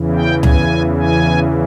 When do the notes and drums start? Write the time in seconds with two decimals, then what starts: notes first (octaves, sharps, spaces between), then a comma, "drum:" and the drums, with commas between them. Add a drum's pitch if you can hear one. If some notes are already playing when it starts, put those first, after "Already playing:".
Already playing: E2 C#3 E3
0.15 G5
0.43 G#5, drum: tom C#2
1.00 G#5